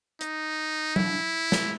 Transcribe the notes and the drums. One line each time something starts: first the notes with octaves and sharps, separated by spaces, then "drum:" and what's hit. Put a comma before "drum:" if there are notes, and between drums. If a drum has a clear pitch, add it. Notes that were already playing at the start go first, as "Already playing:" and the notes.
D#4, drum: hi-hat
E4, drum: tom F#3
drum: snare